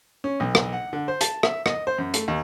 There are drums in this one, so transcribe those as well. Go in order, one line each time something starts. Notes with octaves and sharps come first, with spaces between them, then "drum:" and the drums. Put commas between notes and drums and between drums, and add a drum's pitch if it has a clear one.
C#4
B1
drum: rim click
F#5
D3
C5
A5, drum: hi-hat
E5, drum: rim click
D#5, drum: rim click
C5
F#2
A3, drum: hi-hat
D#2